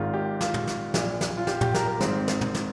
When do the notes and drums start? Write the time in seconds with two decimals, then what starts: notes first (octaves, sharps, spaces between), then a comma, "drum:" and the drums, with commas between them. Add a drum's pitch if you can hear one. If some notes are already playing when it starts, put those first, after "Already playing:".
Already playing: G#1 G#2 D#3 F4
0.14 G4
0.41 F4, drum: snare
0.54 drum: tom
0.67 drum: snare
0.94 A#1 A#2, drum: snare
1.21 drum: snare
1.37 F4
1.47 G4, drum: snare
1.61 G4, drum: tom
1.74 A#4, drum: snare
1.87 A#4
1.96 A#3
2.01 G#1 G#2 D#3 C4, drum: snare
2.28 drum: snare
2.41 drum: tom
2.54 drum: snare